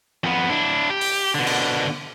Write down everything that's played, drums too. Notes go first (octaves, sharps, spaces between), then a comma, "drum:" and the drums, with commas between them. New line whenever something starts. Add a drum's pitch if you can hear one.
F2 B3
D4 E4
G4
drum: open hi-hat
B2 D3
drum: cymbal